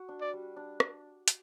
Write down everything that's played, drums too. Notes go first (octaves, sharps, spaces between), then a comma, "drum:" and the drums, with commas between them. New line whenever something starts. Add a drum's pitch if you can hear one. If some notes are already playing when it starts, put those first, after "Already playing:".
Already playing: F#4
D4
D5
G3
D4
drum: rim click
drum: hi-hat